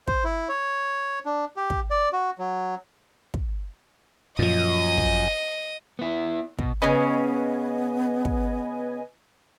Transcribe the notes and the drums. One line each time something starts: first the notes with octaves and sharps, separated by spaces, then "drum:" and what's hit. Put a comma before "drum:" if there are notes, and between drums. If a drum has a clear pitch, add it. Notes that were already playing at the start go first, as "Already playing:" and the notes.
C5, drum: kick
E4
C#5
D4
G4
drum: kick
D5
F#4
F#3
drum: kick
F#2 A#2 F3 D#5 D#6
drum: kick
B3 E4
B2, drum: kick
C#3 B3 C#4 B4 D#5 G#5
drum: kick